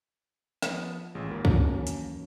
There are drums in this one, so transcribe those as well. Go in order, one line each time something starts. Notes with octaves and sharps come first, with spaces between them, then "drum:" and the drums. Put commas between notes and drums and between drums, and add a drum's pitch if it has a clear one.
F3 B3, drum: snare
A1 G#3 F4
D#2 A#3
E3 F#3 C#4, drum: kick
drum: hi-hat